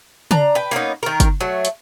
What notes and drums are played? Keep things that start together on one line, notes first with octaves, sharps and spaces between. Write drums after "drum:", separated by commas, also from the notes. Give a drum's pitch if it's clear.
D4 A#5, drum: tom C#3
B4 G5
A#3 B3 C#4 D#4
D#3 A#4
drum: kick, hi-hat
F#3 A3
drum: hi-hat